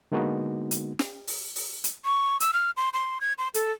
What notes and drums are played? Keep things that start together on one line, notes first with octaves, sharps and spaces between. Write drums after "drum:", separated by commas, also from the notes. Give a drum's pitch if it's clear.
D3 G#3 A#3 B3 D#4 F#4
drum: hi-hat
drum: snare
drum: open hi-hat
drum: open hi-hat
drum: hi-hat
C#6
E6, drum: hi-hat
F6
C6
C6
G#6
C6
A4, drum: hi-hat